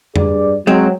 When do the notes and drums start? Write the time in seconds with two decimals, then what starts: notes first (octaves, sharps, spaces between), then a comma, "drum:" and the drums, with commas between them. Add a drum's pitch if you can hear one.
0.16 G2 G#4 D5, drum: tom F2
0.67 F#3 G#3 C4